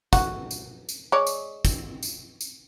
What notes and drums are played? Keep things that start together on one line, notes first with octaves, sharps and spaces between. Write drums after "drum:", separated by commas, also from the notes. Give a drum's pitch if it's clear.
F#4, drum: kick, tambourine
drum: tambourine
drum: tambourine
G#3 C#5 D5
drum: tambourine
drum: kick, tambourine
drum: tambourine
drum: tambourine